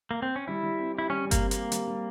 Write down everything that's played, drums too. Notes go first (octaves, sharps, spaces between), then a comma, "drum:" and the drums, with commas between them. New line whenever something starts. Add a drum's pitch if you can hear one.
A#3
C4
C#4
G3 E4
G3
C4
E4 G4
G3 C#4
G3
A#3, drum: kick G1, hi-hat
C4
A#3, drum: hi-hat
G4
G3, drum: hi-hat
G3